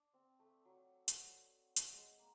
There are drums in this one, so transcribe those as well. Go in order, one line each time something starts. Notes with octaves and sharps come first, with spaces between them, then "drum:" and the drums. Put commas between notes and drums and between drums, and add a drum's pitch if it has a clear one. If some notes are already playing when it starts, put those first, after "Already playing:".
Already playing: D4
C4
A3
F#3
drum: hi-hat
drum: hi-hat
G#3
A#3